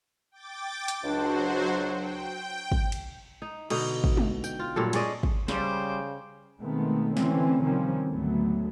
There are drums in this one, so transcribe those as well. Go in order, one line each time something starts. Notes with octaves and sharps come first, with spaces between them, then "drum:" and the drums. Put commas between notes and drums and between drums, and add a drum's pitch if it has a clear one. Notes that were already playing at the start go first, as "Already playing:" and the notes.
G5 D6 A6
drum: hi-hat
C#2 F#3 D4 F#4 C5
G5
drum: kick
drum: cymbal
D#4
B2 D3 D#4, drum: cymbal
drum: kick
drum: tom G#3
G5, drum: tambourine
F4
G2 A#2 F#3 A4
G#3 C#4 D5 D#5, drum: cymbal
drum: kick
C#3 G3 C5 D6, drum: snare
B2 D#3 G#3 A3 B3 C4
D3 E3 A3 C4 C#4, drum: snare
C3 D#3 F3 G3 C4 C#4
D2 G#2 F#3 A3 B3